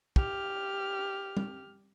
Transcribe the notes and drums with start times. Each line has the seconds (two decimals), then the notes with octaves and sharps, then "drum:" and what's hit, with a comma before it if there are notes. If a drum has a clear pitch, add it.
0.16 G4 F6, drum: kick
1.37 drum: tom